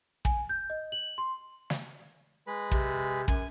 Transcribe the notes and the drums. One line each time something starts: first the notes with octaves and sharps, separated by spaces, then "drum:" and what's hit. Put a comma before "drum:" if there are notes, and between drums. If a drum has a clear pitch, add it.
G#5, drum: kick
G6
D#5
F#7
C6
drum: snare
G#3 B4
C3, drum: kick
F#2 G#5, drum: kick